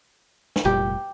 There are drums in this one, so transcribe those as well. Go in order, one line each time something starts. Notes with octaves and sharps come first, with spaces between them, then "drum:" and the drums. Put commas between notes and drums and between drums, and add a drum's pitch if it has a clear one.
drum: snare
F1 A#2 G3 G4